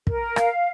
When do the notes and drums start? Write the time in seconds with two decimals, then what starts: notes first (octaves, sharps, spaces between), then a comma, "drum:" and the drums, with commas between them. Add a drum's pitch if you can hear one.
0.07 A#4, drum: kick
0.36 F5, drum: rim click